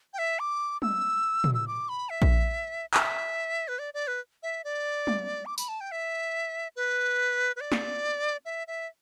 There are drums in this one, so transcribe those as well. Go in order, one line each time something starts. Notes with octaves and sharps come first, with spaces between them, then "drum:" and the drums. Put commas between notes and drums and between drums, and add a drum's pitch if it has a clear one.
G5
E5
D6
E6, drum: tom
drum: tom
E6
D6
B5
E5
drum: kick A#1
E5, drum: clap
B4
D5
D5
B4
E5
D5
drum: tom
D6
B5, drum: tambourine
A5
G5
E5
B4
B4
D5
drum: snare
E5
E5